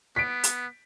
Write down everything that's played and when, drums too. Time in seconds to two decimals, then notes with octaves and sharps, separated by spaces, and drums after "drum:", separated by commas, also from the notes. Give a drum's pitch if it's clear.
0.16 B3 B6 D7
0.44 drum: hi-hat